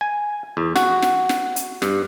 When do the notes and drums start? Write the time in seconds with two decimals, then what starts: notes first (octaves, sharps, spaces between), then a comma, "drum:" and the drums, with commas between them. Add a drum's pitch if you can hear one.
0.01 G#5
0.57 E2
0.76 F#4, drum: snare
1.02 drum: snare
1.29 drum: snare
1.56 drum: hi-hat
1.82 G2, drum: snare